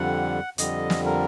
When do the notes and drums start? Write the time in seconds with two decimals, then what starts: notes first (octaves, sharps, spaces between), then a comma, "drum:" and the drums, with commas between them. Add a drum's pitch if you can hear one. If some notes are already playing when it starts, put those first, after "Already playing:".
Already playing: F2 D3 G3 F#5
0.58 F2 D3 G3 D#5, drum: hi-hat
0.90 drum: snare
1.05 A#4